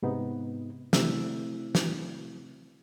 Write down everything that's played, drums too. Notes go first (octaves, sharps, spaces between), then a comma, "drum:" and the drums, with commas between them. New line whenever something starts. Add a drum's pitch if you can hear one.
G#2 C3 B3 D#4
C3 A3 C4 E4 E6, drum: snare
drum: snare